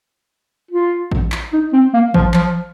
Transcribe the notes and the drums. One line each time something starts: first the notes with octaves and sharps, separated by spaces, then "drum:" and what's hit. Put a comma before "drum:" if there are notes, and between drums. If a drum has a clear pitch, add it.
F4
drum: kick A1
drum: clap
D#4
C4
A#3
F3, drum: kick A1
F3, drum: clap